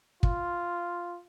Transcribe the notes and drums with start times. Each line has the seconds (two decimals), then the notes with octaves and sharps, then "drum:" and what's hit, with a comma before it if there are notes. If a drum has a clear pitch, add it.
0.23 F4, drum: kick